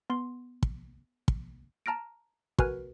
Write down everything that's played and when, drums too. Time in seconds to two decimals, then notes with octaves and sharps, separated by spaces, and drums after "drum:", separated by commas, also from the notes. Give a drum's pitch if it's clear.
0.10 B3 C6
0.63 drum: kick
1.28 drum: kick
1.86 A5 A#5 F6 A#6 D7
2.59 F#4 A#4 B4 G#5 F6, drum: kick